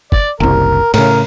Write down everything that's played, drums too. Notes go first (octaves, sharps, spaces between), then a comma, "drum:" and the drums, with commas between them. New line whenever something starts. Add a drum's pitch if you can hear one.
D5, drum: kick
F#1 C2 A#4
A2 C#3 A#4, drum: cymbal